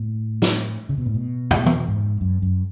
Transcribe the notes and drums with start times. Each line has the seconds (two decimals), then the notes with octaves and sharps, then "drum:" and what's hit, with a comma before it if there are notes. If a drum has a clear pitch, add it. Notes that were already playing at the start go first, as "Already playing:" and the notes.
Already playing: A2
0.42 drum: snare
0.89 C#3
0.98 B2
1.06 A2
1.14 B2
1.51 A2, drum: tom
1.55 B2
1.66 drum: tom E3
1.88 G#2
2.21 F#2
2.42 F#2